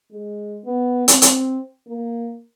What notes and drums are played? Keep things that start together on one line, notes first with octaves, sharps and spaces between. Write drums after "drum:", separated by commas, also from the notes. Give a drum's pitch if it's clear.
G#3
B3
C4, drum: hi-hat
drum: hi-hat
A#3